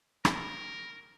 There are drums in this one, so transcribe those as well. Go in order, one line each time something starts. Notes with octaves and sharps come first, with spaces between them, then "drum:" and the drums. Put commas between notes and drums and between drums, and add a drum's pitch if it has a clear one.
A#4, drum: rim click